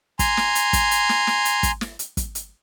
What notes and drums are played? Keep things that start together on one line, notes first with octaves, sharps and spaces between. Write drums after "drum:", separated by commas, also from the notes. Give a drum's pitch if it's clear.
G#5 A#5 C6, drum: kick, hi-hat
drum: snare
drum: hi-hat
drum: kick, hi-hat
drum: hi-hat
drum: snare
drum: snare
drum: hi-hat
drum: kick, hi-hat
drum: snare
drum: hi-hat
drum: kick, hi-hat
drum: hi-hat